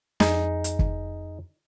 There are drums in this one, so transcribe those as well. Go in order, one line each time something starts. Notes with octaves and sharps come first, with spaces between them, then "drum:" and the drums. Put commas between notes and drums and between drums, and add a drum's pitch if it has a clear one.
F2 D#4 G#4, drum: snare
drum: hi-hat
drum: kick